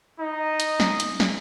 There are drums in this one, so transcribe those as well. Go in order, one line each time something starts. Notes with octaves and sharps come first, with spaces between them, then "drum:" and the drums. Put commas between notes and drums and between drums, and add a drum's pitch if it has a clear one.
D#4 D#5
drum: hi-hat
drum: snare
drum: hi-hat
drum: snare